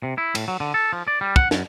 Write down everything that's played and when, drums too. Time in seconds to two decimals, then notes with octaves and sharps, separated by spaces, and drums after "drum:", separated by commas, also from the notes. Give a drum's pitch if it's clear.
0.03 C3
0.18 E4
0.35 A2, drum: cymbal
0.48 F#3
0.60 D3
0.74 A4
0.93 F3
1.08 D5
1.21 G3
1.36 F#5, drum: kick
1.51 F#2, drum: snare